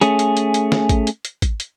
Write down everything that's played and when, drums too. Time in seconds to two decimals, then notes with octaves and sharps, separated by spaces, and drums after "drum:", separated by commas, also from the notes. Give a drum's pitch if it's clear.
0.01 A3 C#4 G#4, drum: hi-hat
0.19 drum: hi-hat
0.37 drum: hi-hat
0.54 drum: hi-hat
0.72 drum: snare
0.89 drum: kick, hi-hat
1.07 drum: hi-hat
1.25 drum: hi-hat
1.42 drum: kick, hi-hat
1.60 drum: hi-hat